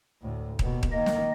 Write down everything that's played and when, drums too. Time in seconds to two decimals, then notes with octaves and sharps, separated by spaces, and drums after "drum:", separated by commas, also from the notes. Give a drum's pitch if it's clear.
0.22 D2 A2
0.59 D#2 B2, drum: kick D#1
0.83 drum: kick D#1
0.92 D#3 A#3 D#5
1.06 drum: snare